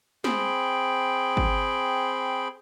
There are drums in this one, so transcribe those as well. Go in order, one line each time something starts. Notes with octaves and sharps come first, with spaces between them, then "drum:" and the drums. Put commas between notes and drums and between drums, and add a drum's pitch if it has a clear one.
C4 G#4 G5 B5, drum: snare
drum: kick G#1